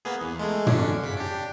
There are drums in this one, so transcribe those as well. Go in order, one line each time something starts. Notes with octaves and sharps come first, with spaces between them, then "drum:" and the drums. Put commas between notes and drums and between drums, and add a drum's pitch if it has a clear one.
A#3 B3 G#4
E2
G#3 A3 G#4
D3 C#4 D4, drum: tom
C#3 B6
D4 G4